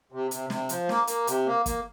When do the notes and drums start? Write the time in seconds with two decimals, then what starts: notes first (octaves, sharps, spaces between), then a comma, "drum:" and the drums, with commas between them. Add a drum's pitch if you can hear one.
0.12 C3
0.31 C3, drum: hi-hat
0.50 C3, drum: snare
0.69 F3, drum: hi-hat
0.89 A#3, drum: snare
1.07 A#3, drum: hi-hat
1.27 C3, drum: hi-hat
1.47 A#3
1.66 A#3, drum: kick, hi-hat